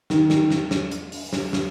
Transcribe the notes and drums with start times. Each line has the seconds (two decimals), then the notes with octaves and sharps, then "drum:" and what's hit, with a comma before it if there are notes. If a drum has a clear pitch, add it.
0.10 D#3, drum: snare
0.30 drum: snare
0.50 drum: snare
0.71 drum: snare
0.92 drum: hi-hat
1.12 drum: open hi-hat
1.33 drum: snare
1.53 drum: snare